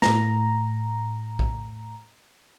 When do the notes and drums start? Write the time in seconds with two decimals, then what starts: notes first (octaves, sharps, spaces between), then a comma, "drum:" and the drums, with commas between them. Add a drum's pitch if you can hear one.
0.02 A2 A#5, drum: snare
1.39 drum: kick A#1